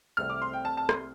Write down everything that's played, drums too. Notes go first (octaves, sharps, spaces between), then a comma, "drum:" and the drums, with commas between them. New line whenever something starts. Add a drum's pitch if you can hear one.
C2 C3 A3 C4 F6
D6
C6
G5
A5
A5
C6, drum: rim click